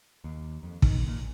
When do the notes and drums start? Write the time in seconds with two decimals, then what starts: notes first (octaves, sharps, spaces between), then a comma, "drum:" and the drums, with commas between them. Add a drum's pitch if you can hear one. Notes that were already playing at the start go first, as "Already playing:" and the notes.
0.24 D#2
0.63 F2
0.82 D#3, drum: kick
0.96 D#2
1.08 A#2
1.19 A#1